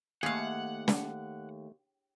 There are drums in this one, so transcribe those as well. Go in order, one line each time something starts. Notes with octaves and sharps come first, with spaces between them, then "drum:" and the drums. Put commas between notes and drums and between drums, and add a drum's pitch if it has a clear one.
D#2 A3 G#4 F5 F#5
drum: snare